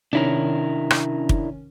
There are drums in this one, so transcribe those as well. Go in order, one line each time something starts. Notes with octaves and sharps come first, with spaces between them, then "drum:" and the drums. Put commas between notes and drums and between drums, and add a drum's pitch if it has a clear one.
C3 D#3 C#4 D4 E4 A#4
drum: rim click
drum: kick